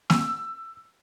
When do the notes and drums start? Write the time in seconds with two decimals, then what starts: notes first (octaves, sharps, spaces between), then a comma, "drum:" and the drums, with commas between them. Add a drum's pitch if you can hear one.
0.10 E6, drum: snare A#3